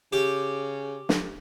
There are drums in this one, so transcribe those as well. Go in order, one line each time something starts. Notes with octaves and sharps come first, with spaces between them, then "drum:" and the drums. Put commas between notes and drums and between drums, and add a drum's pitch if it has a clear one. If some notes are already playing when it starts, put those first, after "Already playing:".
C#3 G4
drum: snare